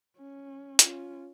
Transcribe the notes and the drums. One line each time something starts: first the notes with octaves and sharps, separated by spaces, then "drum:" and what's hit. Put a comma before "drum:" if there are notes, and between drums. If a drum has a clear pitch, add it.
C#4
C#4 F4, drum: hi-hat